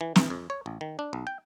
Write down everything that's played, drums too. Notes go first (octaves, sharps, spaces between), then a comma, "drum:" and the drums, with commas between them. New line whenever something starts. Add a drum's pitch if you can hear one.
E3
E3, drum: snare
F2
C#5
A1
D#3
D4
B1
G5